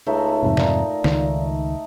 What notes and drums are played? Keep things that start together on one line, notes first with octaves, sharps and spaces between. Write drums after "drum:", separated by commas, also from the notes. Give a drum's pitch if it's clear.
C#2 A3 D#4 E5
F2 G#2 C3
A#2 D#4, drum: snare
C#2 D#3, drum: snare